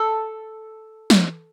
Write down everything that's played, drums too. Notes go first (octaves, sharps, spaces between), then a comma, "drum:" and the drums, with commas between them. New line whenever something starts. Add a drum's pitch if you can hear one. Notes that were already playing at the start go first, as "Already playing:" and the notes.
Already playing: A4
drum: snare